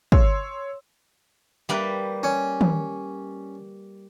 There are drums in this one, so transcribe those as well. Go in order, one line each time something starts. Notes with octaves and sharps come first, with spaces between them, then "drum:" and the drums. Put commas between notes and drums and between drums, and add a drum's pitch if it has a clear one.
C#5 C6 E6, drum: kick
G3 A#3 B4
C#4
drum: tom D#3